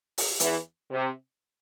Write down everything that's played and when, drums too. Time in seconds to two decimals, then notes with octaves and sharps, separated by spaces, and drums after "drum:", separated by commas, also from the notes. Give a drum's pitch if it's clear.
0.18 drum: open hi-hat
0.40 E2 E3, drum: hi-hat
0.91 C3